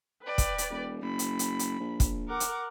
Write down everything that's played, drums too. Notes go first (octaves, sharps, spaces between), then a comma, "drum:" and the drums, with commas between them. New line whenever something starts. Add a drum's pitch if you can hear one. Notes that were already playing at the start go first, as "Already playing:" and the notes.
B4 D5 G5
drum: kick, hi-hat
drum: hi-hat
E1
F#1 B5
drum: hi-hat
drum: hi-hat
drum: hi-hat
A#1
drum: kick, hi-hat
A#4 F#5 D6
drum: hi-hat